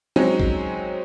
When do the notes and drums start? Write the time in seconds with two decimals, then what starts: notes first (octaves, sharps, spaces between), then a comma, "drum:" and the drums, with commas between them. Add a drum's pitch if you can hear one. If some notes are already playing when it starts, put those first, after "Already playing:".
0.16 F#3 G#3 C4 C#4 D#4
0.40 drum: kick A1